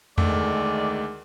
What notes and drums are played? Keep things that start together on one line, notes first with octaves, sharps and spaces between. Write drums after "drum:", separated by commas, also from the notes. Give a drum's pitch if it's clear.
D2 D#3 G#3 A3 D5, drum: tom E2